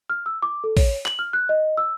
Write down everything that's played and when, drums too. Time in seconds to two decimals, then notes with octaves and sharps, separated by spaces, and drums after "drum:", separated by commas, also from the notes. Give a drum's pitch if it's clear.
0.10 F6
0.26 E6
0.42 D6
0.64 A4
0.77 C#5, drum: kick, open hi-hat
1.05 F#7, drum: clap
1.19 F6
1.33 F#6
1.49 D#5
1.77 E6